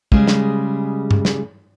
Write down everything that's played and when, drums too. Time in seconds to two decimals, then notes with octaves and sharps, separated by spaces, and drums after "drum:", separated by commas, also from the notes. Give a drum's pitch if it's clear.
0.12 C#3 G3 G#3 G#4, drum: kick
0.28 drum: snare
1.11 drum: tom G2
1.25 drum: snare